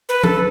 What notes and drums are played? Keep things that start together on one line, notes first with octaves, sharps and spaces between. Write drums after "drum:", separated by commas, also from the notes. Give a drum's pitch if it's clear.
B4
A4, drum: tom F3